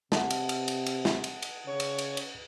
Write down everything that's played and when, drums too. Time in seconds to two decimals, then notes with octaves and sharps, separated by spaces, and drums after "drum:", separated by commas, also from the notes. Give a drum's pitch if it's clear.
0.12 C3 F#5 A5, drum: snare
0.30 drum: cymbal
0.49 drum: cymbal
0.68 drum: cymbal
0.86 drum: cymbal
1.05 drum: snare
1.24 drum: cymbal
1.42 drum: cymbal
1.67 C#3 C#5
1.80 drum: cymbal
1.98 drum: cymbal
2.17 drum: cymbal